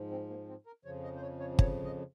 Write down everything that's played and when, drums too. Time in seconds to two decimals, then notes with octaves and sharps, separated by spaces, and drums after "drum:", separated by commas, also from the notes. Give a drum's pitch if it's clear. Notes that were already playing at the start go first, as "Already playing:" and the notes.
Already playing: G#2 F3
0.11 C4
0.29 A#3
0.48 C4
0.66 A#4
0.85 F2 C#3 F3 C#5
1.04 D#5
1.16 C5
1.22 C#5
1.40 C#5
1.59 C#5, drum: kick
1.84 D#5